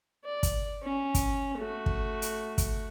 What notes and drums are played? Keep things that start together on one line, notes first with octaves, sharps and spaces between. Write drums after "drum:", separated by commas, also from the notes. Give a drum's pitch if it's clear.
D5
drum: kick, hi-hat
C#4
drum: kick, hi-hat
A3 F#4
drum: kick
drum: hi-hat
drum: kick, hi-hat